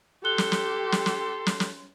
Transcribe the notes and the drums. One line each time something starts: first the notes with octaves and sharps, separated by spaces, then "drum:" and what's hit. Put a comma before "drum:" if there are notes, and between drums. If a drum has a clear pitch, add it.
G4 A4 C6 F#6 G7
drum: snare
drum: snare
drum: snare
drum: snare
drum: snare
drum: snare